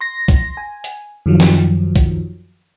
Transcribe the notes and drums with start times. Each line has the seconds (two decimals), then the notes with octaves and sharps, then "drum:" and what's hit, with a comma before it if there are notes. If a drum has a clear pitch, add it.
0.01 C6 A#6
0.28 drum: kick, hi-hat
0.57 G#5
0.84 drum: hi-hat
1.26 F#2 D#3 F3 F#3
1.40 drum: snare
1.96 drum: kick, hi-hat